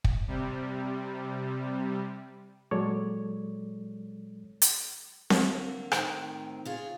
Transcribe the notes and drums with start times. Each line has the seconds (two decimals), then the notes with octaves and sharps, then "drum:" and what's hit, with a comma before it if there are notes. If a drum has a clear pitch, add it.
0.04 drum: kick
0.28 C3 G3
2.71 A#2 F#3 G#3 A4 C#5 D5
4.62 drum: hi-hat
5.30 D3 A#3, drum: snare C4
5.92 A2 D#3 C4, drum: rim click
6.65 C#3 F4 G#4